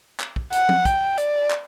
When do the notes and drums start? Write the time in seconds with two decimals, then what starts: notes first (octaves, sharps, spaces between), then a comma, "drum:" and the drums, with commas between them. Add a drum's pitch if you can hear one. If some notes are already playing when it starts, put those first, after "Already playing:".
0.20 drum: clap
0.36 drum: kick
0.52 F#5, drum: hi-hat
0.69 drum: tom F3
0.85 G5, drum: kick, hi-hat
1.18 D5, drum: hi-hat
1.51 drum: clap